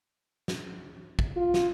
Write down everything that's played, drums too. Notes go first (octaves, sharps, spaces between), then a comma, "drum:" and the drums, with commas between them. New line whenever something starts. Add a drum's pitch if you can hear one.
drum: snare
drum: kick
F4
drum: snare